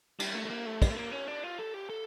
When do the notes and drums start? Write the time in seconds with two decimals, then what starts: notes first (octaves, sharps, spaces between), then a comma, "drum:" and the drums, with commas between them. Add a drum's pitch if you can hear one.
0.19 G3, drum: cymbal
0.35 A3
0.45 A3
0.50 A#3
0.66 A3
0.82 G3, drum: kick, cymbal
0.90 A3
0.96 A#3
1.12 C#4
1.28 D4
1.44 F4
1.59 A4
1.74 G4
1.90 A4